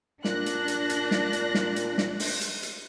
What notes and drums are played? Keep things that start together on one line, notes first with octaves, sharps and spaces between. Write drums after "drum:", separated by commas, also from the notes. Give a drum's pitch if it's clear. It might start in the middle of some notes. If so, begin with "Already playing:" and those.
A#2 D4 F#6 A#6, drum: snare
drum: hi-hat
drum: hi-hat
drum: hi-hat
drum: snare
drum: hi-hat
drum: snare
drum: hi-hat
drum: snare
drum: open hi-hat
drum: hi-hat
drum: hi-hat